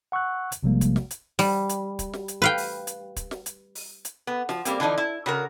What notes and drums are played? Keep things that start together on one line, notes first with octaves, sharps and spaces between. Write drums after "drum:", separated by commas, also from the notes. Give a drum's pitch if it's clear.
F#5 C#6 E6 F#6
drum: hi-hat
A#1 C3 F3 G3 G#3 A#3
drum: kick, hi-hat
drum: snare
drum: hi-hat
G3, drum: open hi-hat
drum: hi-hat
drum: kick, hi-hat
drum: snare
drum: hi-hat
B4 F5 G5
drum: open hi-hat
drum: hi-hat
drum: kick, hi-hat
drum: snare
drum: hi-hat
drum: open hi-hat
drum: hi-hat
B3
F3, drum: snare
G3 A#3 C4, drum: hi-hat
D3 E3 F3 D4 D#4
E4
C#3 F#4 A#4